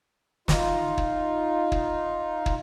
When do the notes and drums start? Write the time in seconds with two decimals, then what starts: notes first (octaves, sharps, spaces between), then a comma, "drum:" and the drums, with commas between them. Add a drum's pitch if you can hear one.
0.48 D#4 F4, drum: snare
0.98 drum: kick
1.72 drum: kick
2.46 drum: kick